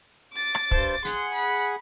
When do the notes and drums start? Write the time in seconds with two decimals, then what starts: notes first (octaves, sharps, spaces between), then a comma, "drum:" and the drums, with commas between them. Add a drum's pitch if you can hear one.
0.33 D6 A6
0.55 drum: rim click
0.71 G2 C5 A5, drum: kick
1.05 G#4 F#5 C6, drum: hi-hat
1.34 B5